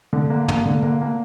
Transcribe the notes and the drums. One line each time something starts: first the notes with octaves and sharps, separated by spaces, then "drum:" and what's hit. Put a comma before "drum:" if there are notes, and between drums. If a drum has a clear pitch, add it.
D3
A#3
A#3, drum: tom
D3
A#3
A#3